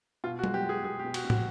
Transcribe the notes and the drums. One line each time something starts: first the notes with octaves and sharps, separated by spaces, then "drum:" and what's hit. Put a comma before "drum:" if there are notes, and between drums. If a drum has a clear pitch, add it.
B2 F4
F#4
G#3, drum: tom F#3
G4
G#3
G#4
B2 G#4
G4
B2
F#4, drum: cymbal
B2
F#4, drum: tom